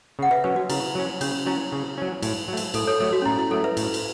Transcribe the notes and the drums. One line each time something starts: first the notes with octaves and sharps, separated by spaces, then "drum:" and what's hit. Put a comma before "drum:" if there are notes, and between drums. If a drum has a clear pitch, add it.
C#3 F#5
B4 E5
F#3 C#4 B4
F#4
C#3 E4, drum: cymbal
F#3 C#4
C#3 C#4, drum: cymbal
F#3 C#4 E4
C#3
F#3 C#4
A2, drum: cymbal
F#3 A3
drum: cymbal
A2 A4, drum: cymbal
A4 C#5
F#3 A3 A4
F#4
C#4
A2 E4
E4
F#3 A3 A4
B4 E5
A2, drum: cymbal
drum: cymbal